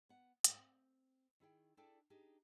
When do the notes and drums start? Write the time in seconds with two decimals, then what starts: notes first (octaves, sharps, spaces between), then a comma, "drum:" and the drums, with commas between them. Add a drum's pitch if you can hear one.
0.09 B3 F#5
0.44 G#2 G#3 A3, drum: hi-hat
0.58 C4
1.40 D#3 E4 G#4 G5
1.77 D4 E4 G#4 A4 D5 G5
2.10 D4 D#4 G4 G#4